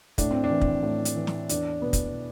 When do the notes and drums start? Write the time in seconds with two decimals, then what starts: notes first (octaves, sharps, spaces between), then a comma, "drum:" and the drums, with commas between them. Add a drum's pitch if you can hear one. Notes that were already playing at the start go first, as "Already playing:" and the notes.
0.18 A2 D4, drum: kick, hi-hat
0.31 C4
0.44 D4
0.50 E3
0.61 drum: kick
0.83 A2
1.05 drum: hi-hat
1.16 E3
1.27 drum: snare
1.49 E2 D4, drum: hi-hat
1.82 B2 B3
1.93 drum: kick, hi-hat